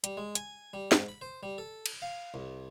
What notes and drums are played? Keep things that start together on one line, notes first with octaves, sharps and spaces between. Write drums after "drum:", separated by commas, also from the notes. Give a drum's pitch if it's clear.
G3, drum: hi-hat
G#3
G#5, drum: hi-hat
G3
G#2, drum: snare
B5
C5
G3
A4
drum: cymbal
F5
C2